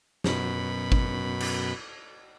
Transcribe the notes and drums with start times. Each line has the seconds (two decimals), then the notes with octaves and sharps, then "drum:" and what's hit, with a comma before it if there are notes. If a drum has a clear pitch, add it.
0.24 F#2 B2 B5, drum: snare
0.92 drum: kick G#1
1.40 drum: cymbal